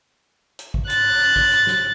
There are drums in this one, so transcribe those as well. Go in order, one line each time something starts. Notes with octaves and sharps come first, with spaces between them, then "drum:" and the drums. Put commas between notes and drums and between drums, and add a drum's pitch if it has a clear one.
drum: hi-hat
drum: kick
F#6 A6, drum: hi-hat
drum: kick
drum: hi-hat
drum: snare